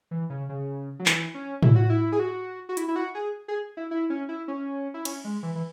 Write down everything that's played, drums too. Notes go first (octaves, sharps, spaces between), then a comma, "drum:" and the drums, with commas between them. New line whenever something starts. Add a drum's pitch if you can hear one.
E3
C#3
C#3
F#3
E3, drum: clap
C#4
E4, drum: tom A2
F#4
E4
G#4
F#4
F#4
E4, drum: hi-hat
E4
F#4
G#4
G#4
E4
E4
C#4
E4
C#4
E4
C#4, drum: cymbal
G#3
E3
E3